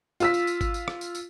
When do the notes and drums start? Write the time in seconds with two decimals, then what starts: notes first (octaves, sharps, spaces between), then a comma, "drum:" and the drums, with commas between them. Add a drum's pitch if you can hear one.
0.20 F4 E6 B6, drum: tambourine
0.34 drum: tambourine
0.47 drum: tambourine
0.61 drum: kick G#1, tambourine
0.74 drum: tambourine
0.88 drum: rim click
1.01 drum: tambourine
1.15 drum: tambourine